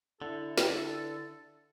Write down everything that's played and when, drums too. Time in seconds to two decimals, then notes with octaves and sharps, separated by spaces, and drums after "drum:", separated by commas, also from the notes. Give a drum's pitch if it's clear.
0.22 D3 E4 A4
0.58 drum: snare